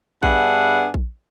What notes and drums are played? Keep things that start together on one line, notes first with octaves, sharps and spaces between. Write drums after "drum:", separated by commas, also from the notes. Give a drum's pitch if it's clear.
G2 B3 D4 G#4 E5 F#5, drum: kick A#1
drum: kick A#1